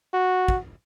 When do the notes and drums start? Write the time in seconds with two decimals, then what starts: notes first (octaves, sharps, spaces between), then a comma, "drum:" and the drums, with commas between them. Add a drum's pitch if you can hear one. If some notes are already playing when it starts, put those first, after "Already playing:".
0.14 F#4
0.48 drum: kick